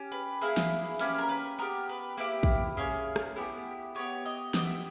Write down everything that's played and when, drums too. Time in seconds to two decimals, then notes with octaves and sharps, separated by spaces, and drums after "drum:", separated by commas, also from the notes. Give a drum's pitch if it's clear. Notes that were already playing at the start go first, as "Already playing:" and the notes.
Already playing: C#4 G4
0.12 B4
0.41 A#3 E4 G#4 B4
0.57 drum: snare
0.99 A#3 C#4 G4 B4, drum: hi-hat
1.18 A#4
1.29 B4
1.59 B3 G4 A#4
1.89 B4
2.17 A#3 E4 G4 B4
2.43 drum: kick
2.77 A#3 C#4 G#4 C#5
3.16 drum: rim click
3.36 B3 E4 G4
3.95 B3 G4 C#5
4.25 D#5
4.54 B3 G4 D#5, drum: snare
4.64 E5